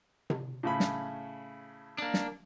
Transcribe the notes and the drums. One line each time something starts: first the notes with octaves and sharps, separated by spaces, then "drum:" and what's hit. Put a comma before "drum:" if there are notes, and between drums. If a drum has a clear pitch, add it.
drum: tom C3
A2 C#3 B5
drum: snare
A#3 D4
drum: snare